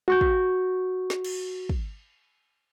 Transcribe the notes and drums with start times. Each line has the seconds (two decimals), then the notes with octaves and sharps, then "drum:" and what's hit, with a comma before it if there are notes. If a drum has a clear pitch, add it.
0.08 F#4 C#6 G6, drum: rim click
0.21 drum: kick
1.10 drum: snare
1.25 drum: cymbal
1.69 drum: kick